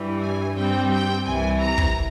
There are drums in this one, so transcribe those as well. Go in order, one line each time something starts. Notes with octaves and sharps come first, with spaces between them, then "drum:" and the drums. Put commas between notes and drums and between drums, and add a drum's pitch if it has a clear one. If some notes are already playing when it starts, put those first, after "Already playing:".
Already playing: G2 E3 G3
G#5
G2 G3 C4 G5
G5
C2 C3 E3 G#5
A#5
drum: kick